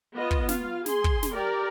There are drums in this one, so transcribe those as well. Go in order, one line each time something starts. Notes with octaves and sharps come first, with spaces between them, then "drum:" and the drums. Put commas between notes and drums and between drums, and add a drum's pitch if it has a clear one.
B3 F4 D#5
drum: kick
F4 F5, drum: snare
G#4 C6, drum: snare
drum: kick
drum: snare
G4 A#4 D5